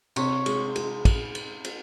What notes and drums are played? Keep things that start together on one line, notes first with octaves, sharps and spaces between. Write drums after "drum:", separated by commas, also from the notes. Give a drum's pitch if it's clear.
C3 C#5, drum: cymbal
G#3, drum: cymbal
G#3, drum: cymbal
drum: kick, cymbal
drum: cymbal
drum: cymbal